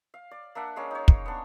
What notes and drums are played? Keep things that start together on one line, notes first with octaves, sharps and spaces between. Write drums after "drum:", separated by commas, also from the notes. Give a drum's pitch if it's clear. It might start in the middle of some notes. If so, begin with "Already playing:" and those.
F5
D5
A#3 D4 E5 F#5
G#3 A#3 C#4
D#4 C#5
drum: kick
B3 D4